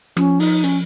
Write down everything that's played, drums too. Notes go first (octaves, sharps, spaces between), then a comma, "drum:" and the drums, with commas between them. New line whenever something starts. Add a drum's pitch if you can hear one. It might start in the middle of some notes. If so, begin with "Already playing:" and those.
F3 C#4, drum: rim click
D#4, drum: open hi-hat
C#4, drum: hi-hat